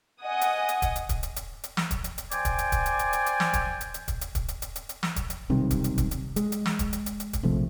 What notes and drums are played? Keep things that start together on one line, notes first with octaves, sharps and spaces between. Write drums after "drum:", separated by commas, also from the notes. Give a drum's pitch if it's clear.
D#5 F#5 G#5 D#6
drum: hi-hat
drum: hi-hat
drum: kick, hi-hat
drum: hi-hat
drum: kick, hi-hat
drum: hi-hat
drum: hi-hat
drum: hi-hat
drum: snare
drum: kick, hi-hat
drum: hi-hat
drum: hi-hat
C5 D5 G5 G#5, drum: hi-hat
drum: kick, hi-hat
drum: hi-hat
drum: kick, hi-hat
drum: hi-hat
drum: hi-hat
drum: hi-hat
drum: hi-hat
drum: snare
drum: kick, hi-hat
drum: hi-hat
drum: hi-hat
drum: kick, hi-hat
drum: hi-hat
drum: kick, hi-hat
drum: hi-hat
drum: hi-hat
drum: hi-hat
drum: hi-hat
drum: snare
drum: kick, hi-hat
drum: hi-hat
B1 C3 D#3 G3
drum: kick, hi-hat
drum: hi-hat
drum: kick, hi-hat
drum: hi-hat
G#3, drum: hi-hat
drum: hi-hat
drum: snare
drum: kick, hi-hat
drum: hi-hat
drum: hi-hat
drum: hi-hat
drum: kick, hi-hat
A#1 C3 F3 A3